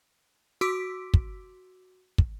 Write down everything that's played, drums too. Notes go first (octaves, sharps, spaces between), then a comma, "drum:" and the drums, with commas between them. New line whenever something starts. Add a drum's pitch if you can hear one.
F#4 C6 D6 E6 B6 D7
drum: kick
drum: kick